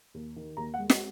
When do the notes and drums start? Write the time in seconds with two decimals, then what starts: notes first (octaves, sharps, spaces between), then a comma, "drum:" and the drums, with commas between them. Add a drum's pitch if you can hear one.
0.14 D#2
0.36 D#3
0.57 D#2 A#5
0.74 F#5
0.79 G#3
0.90 D#5, drum: snare